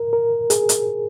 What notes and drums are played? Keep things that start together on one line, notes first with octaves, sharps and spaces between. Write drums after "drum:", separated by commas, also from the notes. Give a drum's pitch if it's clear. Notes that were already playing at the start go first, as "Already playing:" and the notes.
Already playing: A#4
A#4
G#4, drum: hi-hat
drum: hi-hat